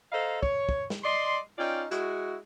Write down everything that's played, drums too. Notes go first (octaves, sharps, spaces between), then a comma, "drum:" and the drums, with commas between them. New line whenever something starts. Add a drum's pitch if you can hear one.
A4 C5 D#5 F5 A#5
C#5, drum: kick
drum: kick
drum: snare
D5 D#5 C6
C#4 D#4 F4 D5 G5
G#3 E4 F#4, drum: hi-hat